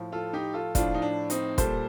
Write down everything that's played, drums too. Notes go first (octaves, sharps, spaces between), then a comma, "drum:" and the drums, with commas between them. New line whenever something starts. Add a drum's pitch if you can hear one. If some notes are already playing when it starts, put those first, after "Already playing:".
Already playing: A2 F3
F4 A4
D#4 G4
F4 A4
A2 F3 D4 F4, drum: kick, hi-hat
D#4
D4
C4 D#4, drum: hi-hat
A#2 G3 A4 C5, drum: kick, hi-hat